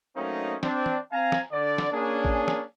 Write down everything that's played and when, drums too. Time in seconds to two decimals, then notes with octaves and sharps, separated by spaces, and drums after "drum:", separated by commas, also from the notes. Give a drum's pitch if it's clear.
0.16 F#3 A3 A#3 C4 C#4 D#4
0.63 C4 D4, drum: snare
0.86 drum: tom
1.12 C4 F5 G#5 A#5
1.32 drum: snare
1.52 D3 D5
1.78 drum: snare
1.92 A#3 C#4 D4 G#4
2.25 drum: kick
2.48 drum: snare